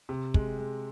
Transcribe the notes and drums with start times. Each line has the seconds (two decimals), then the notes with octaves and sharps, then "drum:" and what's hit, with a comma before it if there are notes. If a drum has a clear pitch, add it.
0.09 C3
0.34 G#3, drum: kick
0.59 G#3